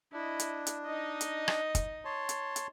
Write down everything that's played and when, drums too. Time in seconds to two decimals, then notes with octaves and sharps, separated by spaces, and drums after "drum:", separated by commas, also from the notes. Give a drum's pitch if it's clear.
0.12 D4 E4 D#5
0.39 drum: hi-hat
0.67 drum: hi-hat
0.86 D#4 D#5
1.21 drum: hi-hat
1.48 drum: rim click
1.75 drum: kick, hi-hat
2.05 C#5 A5 C6
2.29 drum: hi-hat
2.56 drum: hi-hat